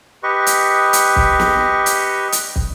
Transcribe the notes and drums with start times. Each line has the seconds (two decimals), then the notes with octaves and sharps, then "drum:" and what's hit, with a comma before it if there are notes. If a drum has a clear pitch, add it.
0.23 G4 B4 D#5 C#6
0.47 drum: hi-hat
0.93 drum: hi-hat
1.16 drum: kick
1.39 drum: snare
1.86 drum: hi-hat
2.32 drum: hi-hat
2.56 drum: kick